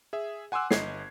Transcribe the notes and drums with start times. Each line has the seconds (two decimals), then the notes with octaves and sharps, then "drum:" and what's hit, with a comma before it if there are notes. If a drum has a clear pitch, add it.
0.13 G#4 E5
0.52 F#5 G#5 C6 D6 E6 F#6
0.71 G1 D#5 G#6 C7, drum: snare